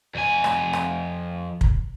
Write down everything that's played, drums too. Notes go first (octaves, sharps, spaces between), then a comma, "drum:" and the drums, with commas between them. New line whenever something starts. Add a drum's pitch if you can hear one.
F2 G#5
drum: rim click
drum: rim click
drum: kick